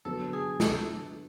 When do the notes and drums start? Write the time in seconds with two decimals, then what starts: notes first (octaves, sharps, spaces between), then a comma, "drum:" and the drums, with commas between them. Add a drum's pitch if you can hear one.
0.05 D3 F#3 B3 A4
0.33 G#4
0.60 A4, drum: snare